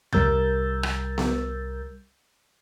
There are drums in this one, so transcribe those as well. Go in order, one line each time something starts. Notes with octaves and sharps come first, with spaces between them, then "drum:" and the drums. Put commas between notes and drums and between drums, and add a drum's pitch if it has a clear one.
C2 G3 A#4 E6 G6 A6, drum: tom E2
drum: rim click
drum: snare B3